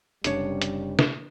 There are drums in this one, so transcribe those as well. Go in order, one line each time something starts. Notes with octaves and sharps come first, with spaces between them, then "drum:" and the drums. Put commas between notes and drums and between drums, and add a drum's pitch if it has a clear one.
F#1 C3 G3 C#4 D4 C#5, drum: hi-hat
drum: hi-hat
drum: snare